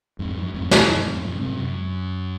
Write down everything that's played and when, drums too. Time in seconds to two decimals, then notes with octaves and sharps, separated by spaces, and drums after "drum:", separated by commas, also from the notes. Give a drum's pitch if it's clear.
0.19 F2 G#2
0.37 F#2
0.54 F2 G#2
0.71 F2, drum: snare
0.90 F#2
1.06 F2 G#2
1.24 F#2 A#2
1.35 C#3
1.41 G#2 C3
1.59 F#2